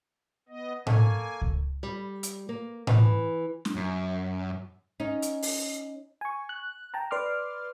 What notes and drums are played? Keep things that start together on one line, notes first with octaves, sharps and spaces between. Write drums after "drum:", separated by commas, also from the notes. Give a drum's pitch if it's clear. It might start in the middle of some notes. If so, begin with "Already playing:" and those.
B3 D#5
A#3 A4 C#5 G#5, drum: tom A2
drum: kick C#2
G3
drum: hi-hat
A#3
E3, drum: tom A2
drum: snare
F#2
C#4 D#4
drum: hi-hat
drum: open hi-hat
G#5 C#6
F#6
G5 A5 A#5
B4 D5 C6 D6 F6